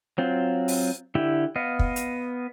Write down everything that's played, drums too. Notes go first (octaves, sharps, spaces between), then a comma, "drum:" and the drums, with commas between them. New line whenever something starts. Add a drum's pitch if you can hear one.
F#3 C4 F4
drum: open hi-hat
D3 E4 G4
B3 D#5 F5
drum: kick
drum: hi-hat